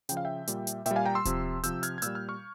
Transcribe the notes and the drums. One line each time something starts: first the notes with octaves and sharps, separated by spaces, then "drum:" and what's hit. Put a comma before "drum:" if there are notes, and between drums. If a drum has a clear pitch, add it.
C#3 F3 G5, drum: hi-hat
F5
E5 G5
A#2 G3, drum: hi-hat
drum: hi-hat
A#2 E5 G5, drum: hi-hat
G3
F5 G#5
G5 A#5
C6 E6
C3 F3, drum: kick D#1, hi-hat
C3 F3 E6 G6, drum: hi-hat
F6 G#6, drum: hi-hat
G#6
A#2 G3 E6 G6, drum: hi-hat
F6 G#6
C#6 F6